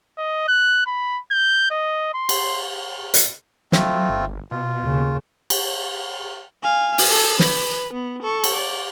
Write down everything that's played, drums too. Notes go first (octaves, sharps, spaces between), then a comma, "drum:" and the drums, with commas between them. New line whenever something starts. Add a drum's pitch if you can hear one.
D#5
F#6
B5
G6
D#5
C6
drum: cymbal
drum: hi-hat
F#3 A3 C4 F4, drum: snare
G1
B2 F4
D#2 C#3
drum: cymbal
F5 G#5
drum: open hi-hat
A4
B4, drum: snare
B3
A4 C#6
drum: cymbal
D5